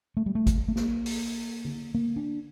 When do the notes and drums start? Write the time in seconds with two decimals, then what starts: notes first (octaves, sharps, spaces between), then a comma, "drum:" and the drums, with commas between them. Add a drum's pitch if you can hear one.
0.17 A3
0.26 G3
0.35 A3
0.47 drum: kick G#1, hi-hat
0.68 A3
0.76 A#3, drum: snare
1.06 drum: open hi-hat
1.65 drum: tom D3
1.95 A#3
2.16 D4